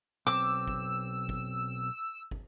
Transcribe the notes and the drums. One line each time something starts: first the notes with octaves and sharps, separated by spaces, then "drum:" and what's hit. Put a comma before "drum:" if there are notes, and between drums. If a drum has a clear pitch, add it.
B1 C4 D6 E6
drum: kick
drum: kick
drum: kick